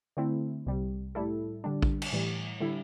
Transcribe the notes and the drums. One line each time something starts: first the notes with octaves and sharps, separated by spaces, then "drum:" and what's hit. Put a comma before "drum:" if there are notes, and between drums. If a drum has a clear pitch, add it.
D3 A3 C4 E4
C2 C3 G3
A2 G3 E4 A4
D3 G3 D4
drum: kick A1
drum: cymbal
A2 E3 G3
D3 G3 E4